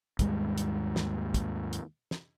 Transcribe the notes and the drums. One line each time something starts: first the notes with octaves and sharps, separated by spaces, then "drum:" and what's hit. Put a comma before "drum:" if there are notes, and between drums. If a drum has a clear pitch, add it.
D#2 G#2 G3 G#3, drum: kick, hi-hat
drum: hi-hat
drum: snare
drum: kick, hi-hat
drum: hi-hat
drum: snare